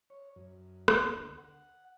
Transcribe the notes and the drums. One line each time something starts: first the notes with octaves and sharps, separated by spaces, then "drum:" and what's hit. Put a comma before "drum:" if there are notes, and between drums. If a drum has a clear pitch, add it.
C#5
F#2
drum: rim click
D2
F#5